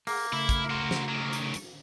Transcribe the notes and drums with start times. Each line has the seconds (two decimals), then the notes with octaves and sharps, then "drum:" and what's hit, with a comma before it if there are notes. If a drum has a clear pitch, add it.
0.07 A#3 G#4 F#5, drum: open hi-hat
0.33 C#3 A3 E4
0.49 drum: kick, hi-hat
0.70 F#4 C5
0.91 drum: snare
1.09 D#3 F#3
1.33 drum: hi-hat
1.54 drum: hi-hat